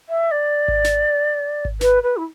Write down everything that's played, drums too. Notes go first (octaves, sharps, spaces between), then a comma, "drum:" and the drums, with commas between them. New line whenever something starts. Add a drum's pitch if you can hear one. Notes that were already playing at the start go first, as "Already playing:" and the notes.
E5
D5
drum: kick G#1
drum: snare
drum: kick G#1
B4, drum: snare
B4
E4